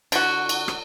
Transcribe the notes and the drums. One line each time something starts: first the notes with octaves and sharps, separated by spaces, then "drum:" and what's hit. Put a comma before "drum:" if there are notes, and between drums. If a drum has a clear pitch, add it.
D3 F#4, drum: cymbal
drum: cymbal
drum: rim click